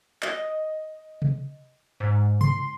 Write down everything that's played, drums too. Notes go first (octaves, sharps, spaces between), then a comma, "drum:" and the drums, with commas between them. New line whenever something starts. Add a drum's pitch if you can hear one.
D#5, drum: clap
drum: tom C3
G#2
C6, drum: tom C3